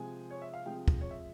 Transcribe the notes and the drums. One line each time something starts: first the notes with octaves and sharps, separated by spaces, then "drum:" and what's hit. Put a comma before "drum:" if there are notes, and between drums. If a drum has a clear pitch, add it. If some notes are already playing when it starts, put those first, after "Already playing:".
Already playing: C3 F3 G#3 G#5
C#5
E5
F5
C3 F3 G#3 G5
drum: kick
C#5
E5